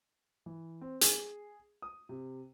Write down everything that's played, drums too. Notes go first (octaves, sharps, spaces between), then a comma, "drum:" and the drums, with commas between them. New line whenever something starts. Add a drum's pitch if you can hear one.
E3
C4
G#4, drum: hi-hat
D#6
C3